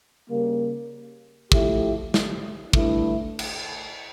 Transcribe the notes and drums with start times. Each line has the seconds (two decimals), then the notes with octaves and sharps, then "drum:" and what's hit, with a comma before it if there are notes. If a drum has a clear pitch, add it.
0.30 C#3 G3 A#3
1.52 F3 A3 E4 G4, drum: kick
2.14 drum: snare
2.73 G2 D3 A3 E4, drum: kick
3.39 drum: cymbal